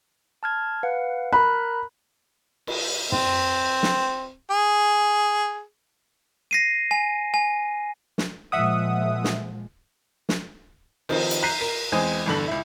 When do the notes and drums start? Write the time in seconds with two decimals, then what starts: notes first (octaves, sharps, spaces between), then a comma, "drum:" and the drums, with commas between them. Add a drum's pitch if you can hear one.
0.43 A5 F6 G#6
0.83 B4 F5 F#5
1.33 A#4 A#5 B5 F#6
2.67 drum: cymbal
3.12 C4, drum: tom
3.83 drum: snare
4.51 G#4
6.51 A#6 C7 D#7
6.91 G#5
7.34 G#5
8.18 drum: snare
8.52 A#2 F3 G#3 E5 F#5 D#6
9.24 drum: snare
10.29 drum: snare
11.09 D#3 F3 C4 D#4, drum: cymbal
11.31 drum: hi-hat
11.43 A#5 F#6 G6 B6 C7 D#7
11.61 A#4
11.92 E2 G#3 C4 G#5 D#6
12.26 G1 E2 G2 D3 A4 F#7
12.48 C#2 E4